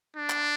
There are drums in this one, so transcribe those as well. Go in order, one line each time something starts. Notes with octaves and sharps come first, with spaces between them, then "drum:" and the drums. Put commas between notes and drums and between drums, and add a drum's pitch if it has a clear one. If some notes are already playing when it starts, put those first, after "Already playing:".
D4
drum: clap